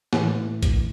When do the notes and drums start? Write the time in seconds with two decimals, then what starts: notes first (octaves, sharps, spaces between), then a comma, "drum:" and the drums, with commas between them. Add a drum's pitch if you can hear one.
0.13 A2 E3, drum: snare
0.63 drum: kick, hi-hat